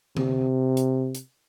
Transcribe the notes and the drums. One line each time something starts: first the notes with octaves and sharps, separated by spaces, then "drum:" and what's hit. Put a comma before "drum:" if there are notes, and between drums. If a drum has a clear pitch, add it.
C3, drum: tom D3
drum: hi-hat
drum: hi-hat